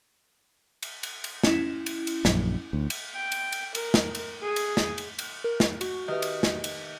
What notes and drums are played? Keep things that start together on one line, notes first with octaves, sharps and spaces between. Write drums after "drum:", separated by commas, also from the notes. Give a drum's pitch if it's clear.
drum: cymbal
drum: cymbal
drum: cymbal
C#4 E4, drum: snare
drum: cymbal
drum: cymbal
A#1 F#2, drum: snare
D2
drum: cymbal
G5
drum: cymbal
drum: cymbal
A#4, drum: cymbal
drum: snare
drum: cymbal
G#4
drum: cymbal
drum: snare
drum: cymbal
drum: cymbal
A#4
drum: snare
F#4, drum: cymbal
D#3 G4 B4 D#5 E5 F6
drum: cymbal
drum: snare
drum: cymbal